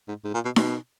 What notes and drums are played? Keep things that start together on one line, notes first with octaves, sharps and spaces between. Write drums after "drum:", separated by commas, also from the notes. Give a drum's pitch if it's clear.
G#2
G#2
A#2
B2
B2, drum: snare D#4